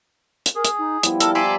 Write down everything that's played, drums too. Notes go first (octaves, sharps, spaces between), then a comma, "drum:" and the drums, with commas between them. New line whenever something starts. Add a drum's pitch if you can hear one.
drum: hi-hat
G#4 A#4
drum: hi-hat
D#4
F3 G3 B3 E4, drum: hi-hat
A4 A#4, drum: hi-hat
D5 E5 G#5 A#5 C6 D6